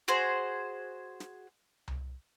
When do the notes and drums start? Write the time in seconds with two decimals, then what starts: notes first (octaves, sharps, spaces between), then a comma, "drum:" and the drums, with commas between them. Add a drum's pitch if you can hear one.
0.08 F#4 G#4 C5
1.20 drum: snare
1.88 drum: tom C2